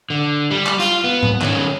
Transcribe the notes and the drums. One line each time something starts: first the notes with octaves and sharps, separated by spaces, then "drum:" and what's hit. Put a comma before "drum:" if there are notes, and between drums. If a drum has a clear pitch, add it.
D3
G3
drum: clap
F4, drum: hi-hat
B3
drum: tom G#2
D#3 C#4, drum: clap